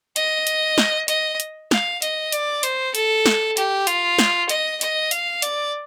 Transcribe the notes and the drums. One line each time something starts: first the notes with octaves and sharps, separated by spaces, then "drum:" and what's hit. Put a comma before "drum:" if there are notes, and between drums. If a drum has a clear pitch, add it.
D#5, drum: hi-hat
drum: hi-hat
drum: snare
D#5, drum: hi-hat
drum: hi-hat
F5, drum: snare
D#5, drum: hi-hat
D5, drum: hi-hat
C5, drum: hi-hat
A4, drum: hi-hat
drum: snare
G4, drum: hi-hat
F4, drum: hi-hat
drum: snare
D#5, drum: hi-hat
D#5, drum: hi-hat
F5, drum: hi-hat
D5, drum: hi-hat